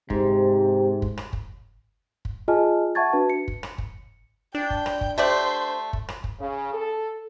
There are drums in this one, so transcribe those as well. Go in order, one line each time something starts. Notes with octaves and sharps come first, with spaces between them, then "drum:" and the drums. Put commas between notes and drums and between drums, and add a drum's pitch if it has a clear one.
G#2 C3, drum: kick
drum: kick
drum: rim click
drum: kick
drum: kick
F4 G#4 D#5 G#5 A5 F6
E5 F#5 A5 C#6 G#6 A6
D4 F#4 B4 A5
C#7
drum: kick
drum: rim click
drum: kick
D4 G5
drum: kick
drum: rim click
drum: kick
A3 G4 C5 D5
drum: kick
drum: rim click
drum: kick
C#3
A4